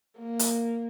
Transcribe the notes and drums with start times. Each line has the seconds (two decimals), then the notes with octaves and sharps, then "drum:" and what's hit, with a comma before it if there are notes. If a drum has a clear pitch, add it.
0.18 A#3
0.39 drum: hi-hat